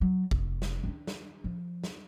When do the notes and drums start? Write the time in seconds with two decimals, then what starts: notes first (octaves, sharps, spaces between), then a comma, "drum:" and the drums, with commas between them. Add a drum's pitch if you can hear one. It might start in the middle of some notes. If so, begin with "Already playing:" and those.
0.01 F#3
0.31 F1, drum: kick A1
0.62 drum: snare
0.84 D#3 D4
1.07 drum: snare
1.44 F3
1.84 drum: snare